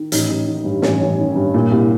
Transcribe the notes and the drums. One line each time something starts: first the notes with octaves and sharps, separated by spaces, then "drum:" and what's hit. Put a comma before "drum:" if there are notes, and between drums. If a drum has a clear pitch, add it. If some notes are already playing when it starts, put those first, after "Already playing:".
Already playing: D#3
A1 D#4, drum: hi-hat
A1
D#3
G2
A1 C#4, drum: snare
A1
D#3
G2
A#2
C2